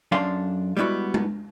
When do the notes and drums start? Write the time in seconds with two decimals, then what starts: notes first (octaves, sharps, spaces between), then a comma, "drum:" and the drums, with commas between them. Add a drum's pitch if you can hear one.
0.12 F#2 D4 A4 F5 C6
0.77 G3 G#3 B3 E4 F#4
1.14 drum: tom G#3